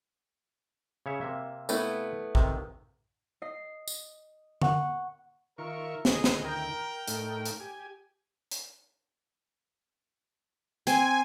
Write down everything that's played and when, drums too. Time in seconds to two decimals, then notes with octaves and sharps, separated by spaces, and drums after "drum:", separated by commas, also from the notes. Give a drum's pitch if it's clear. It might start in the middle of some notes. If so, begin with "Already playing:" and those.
1.06 C#3 C#5 E5
1.21 C3 A#3 E5
1.69 A3 B3 E4, drum: tambourine
2.35 C3 D#3, drum: kick A#1
3.42 D#5 C7
3.88 drum: tambourine
4.62 F#5 C#6, drum: tom D3
5.58 D#3 F4 A#4 E5 C#6
6.05 D2 D#3 E4 G#4 D#5, drum: snare
6.24 drum: snare
6.44 A#4 G5
7.08 A2 A3 D#4, drum: hi-hat
7.45 drum: hi-hat
7.60 G4 G#5
8.51 drum: hi-hat
10.87 C4 G#5, drum: hi-hat